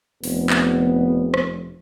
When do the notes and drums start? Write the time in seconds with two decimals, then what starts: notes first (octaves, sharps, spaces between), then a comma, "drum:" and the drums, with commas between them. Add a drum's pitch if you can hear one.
0.24 F1 B3, drum: open hi-hat
0.50 drum: clap
1.34 drum: rim click